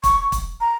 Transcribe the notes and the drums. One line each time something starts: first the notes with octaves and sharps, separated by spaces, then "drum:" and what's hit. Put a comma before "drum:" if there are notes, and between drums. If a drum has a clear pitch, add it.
C#6, drum: kick, hi-hat
drum: kick, hi-hat
A#5